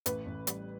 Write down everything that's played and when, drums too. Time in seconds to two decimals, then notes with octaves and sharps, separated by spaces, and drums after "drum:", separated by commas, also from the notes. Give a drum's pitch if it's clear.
0.06 A1 B4, drum: hi-hat
0.26 A1
0.47 G3, drum: hi-hat